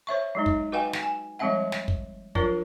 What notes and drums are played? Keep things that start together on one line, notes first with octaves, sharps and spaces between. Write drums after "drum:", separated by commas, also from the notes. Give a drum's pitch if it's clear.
C5 C#5 E5 C#6
F#3 G#3 D#4
drum: kick
F#4 B4 D#5 F5 G5 G#5
drum: snare
G#5
F3 G3 G#3 C4 E5 F#5
drum: snare
drum: kick
F3 F#3 D4 F4 A#4, drum: kick